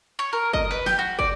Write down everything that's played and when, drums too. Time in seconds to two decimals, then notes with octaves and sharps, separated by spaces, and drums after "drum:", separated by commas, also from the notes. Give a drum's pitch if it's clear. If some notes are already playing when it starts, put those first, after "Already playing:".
0.19 C#5
0.33 A#4
0.53 D#5, drum: kick
0.71 B4
0.86 G4, drum: snare
0.99 F#4
1.19 D5, drum: kick